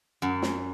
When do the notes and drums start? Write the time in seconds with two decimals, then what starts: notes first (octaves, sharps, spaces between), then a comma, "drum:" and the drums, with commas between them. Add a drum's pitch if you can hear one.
0.22 F#2
0.42 drum: snare